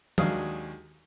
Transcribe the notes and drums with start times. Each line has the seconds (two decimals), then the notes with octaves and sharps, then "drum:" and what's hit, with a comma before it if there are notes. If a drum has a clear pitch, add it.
0.18 D#2 F#3 G#3 D4 F5 D#6, drum: tom